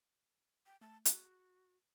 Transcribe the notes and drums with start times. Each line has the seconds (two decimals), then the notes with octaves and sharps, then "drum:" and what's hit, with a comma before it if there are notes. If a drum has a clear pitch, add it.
0.66 G5
0.81 A3 A5
1.05 F#4 G#4, drum: hi-hat